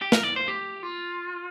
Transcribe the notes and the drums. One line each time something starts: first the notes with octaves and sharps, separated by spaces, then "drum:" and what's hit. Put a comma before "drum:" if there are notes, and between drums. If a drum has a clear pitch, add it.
G4
A#4, drum: snare
D5
C5
G4
F4